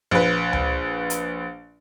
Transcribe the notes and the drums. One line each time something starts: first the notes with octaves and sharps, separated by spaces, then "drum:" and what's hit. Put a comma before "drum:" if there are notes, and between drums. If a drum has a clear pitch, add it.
A#1 B4
drum: tom C#2
drum: hi-hat